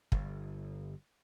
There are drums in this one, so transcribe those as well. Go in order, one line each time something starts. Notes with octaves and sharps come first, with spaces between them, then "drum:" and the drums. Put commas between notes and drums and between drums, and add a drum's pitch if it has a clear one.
G1, drum: kick